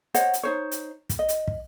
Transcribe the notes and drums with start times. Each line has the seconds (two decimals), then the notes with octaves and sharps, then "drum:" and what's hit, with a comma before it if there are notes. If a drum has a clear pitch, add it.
0.14 C5 C#5 D#5 F#5, drum: hi-hat
0.33 drum: hi-hat
0.43 D#4 C5 C#5
0.71 drum: hi-hat
1.09 drum: kick, hi-hat
1.19 D#5
1.29 drum: hi-hat
1.48 drum: kick